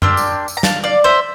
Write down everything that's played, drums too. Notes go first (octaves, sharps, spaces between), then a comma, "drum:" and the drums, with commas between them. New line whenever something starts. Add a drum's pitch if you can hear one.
A#3 D4 G4 C6 E6, drum: tom F#2
drum: tambourine
drum: tambourine
A#5
F5 A5, drum: snare
D5 F5
C5 E5